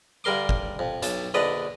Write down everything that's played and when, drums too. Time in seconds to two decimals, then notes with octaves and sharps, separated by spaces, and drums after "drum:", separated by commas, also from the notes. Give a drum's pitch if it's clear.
0.24 G2 D3 G3 A#4 C6 D6
0.49 drum: kick
0.79 F2
1.03 B1 A5, drum: hi-hat
1.34 A#1 D3 B4 D5 D#5